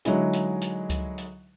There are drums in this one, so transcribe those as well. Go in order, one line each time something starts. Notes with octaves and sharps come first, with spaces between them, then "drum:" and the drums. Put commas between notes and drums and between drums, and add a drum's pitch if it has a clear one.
D3 F#3 G#3 D#4 E4 G#4, drum: hi-hat
drum: hi-hat
drum: hi-hat
drum: kick C#2, hi-hat
drum: hi-hat